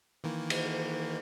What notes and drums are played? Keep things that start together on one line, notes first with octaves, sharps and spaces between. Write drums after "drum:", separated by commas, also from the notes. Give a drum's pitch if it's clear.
D#3 E3 A#3
drum: cymbal